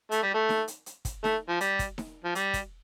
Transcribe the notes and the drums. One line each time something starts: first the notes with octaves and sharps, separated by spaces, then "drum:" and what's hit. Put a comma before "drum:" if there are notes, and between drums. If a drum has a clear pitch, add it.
A3, drum: hi-hat
G3
A3
drum: snare D#4
drum: hi-hat
drum: hi-hat
drum: kick, hi-hat
A3, drum: snare D#4
F3
G3, drum: hi-hat
drum: kick, hi-hat
drum: snare D#4
F3
G3, drum: hi-hat
drum: kick, hi-hat